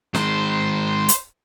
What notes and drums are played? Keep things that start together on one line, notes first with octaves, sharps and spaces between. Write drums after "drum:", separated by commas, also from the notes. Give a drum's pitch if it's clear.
D#3 G#3 C5, drum: snare
drum: hi-hat